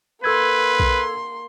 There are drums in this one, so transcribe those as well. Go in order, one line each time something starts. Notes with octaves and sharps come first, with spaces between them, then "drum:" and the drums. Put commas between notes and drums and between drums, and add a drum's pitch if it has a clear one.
A#3 A4 B4 C6 E6 G#6
drum: kick B1